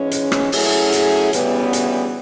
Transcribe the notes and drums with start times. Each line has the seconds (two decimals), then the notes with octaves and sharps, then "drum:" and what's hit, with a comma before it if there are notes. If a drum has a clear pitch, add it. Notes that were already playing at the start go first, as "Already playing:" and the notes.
Already playing: G#2 E3 G#3 C#4
0.11 drum: hi-hat
0.32 drum: rim click
0.52 F#3 A3 C#4 E4 G#4, drum: open hi-hat
0.92 drum: hi-hat
1.33 D2 C#3 E3 G3 B3, drum: hi-hat
1.73 drum: hi-hat